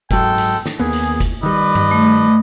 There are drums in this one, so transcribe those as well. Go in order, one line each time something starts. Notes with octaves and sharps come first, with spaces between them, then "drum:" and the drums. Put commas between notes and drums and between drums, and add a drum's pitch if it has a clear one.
G#2 F#3 G#3 A4 G5, drum: kick F1, hi-hat
drum: hi-hat
drum: snare
D#2 A#3 B3 G#4
drum: hi-hat
drum: kick F1, hi-hat
D#3 G3 B4 D5 D#5
drum: tom G2
A3